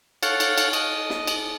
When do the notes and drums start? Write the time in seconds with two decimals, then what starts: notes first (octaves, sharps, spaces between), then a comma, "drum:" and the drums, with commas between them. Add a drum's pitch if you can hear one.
0.23 A4 C#5 F5 F#5, drum: cymbal
0.40 drum: cymbal
0.58 drum: cymbal
0.73 D#5, drum: cymbal
1.10 drum: snare
1.27 drum: cymbal